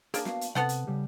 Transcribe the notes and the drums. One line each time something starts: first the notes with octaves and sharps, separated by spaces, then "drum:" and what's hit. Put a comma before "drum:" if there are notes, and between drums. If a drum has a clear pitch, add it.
A#3 D4 G#4, drum: hi-hat
B3 F#4 F5, drum: snare
drum: hi-hat
C3 B3 A4 F#5, drum: snare
drum: hi-hat
C#3 G3 G4